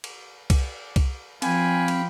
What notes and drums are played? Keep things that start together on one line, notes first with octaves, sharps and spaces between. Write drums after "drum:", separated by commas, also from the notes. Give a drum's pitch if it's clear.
drum: cymbal
drum: kick C2, cymbal
drum: kick C2, cymbal
F3 C4 F5 G5 G#5 B5, drum: cymbal
drum: cymbal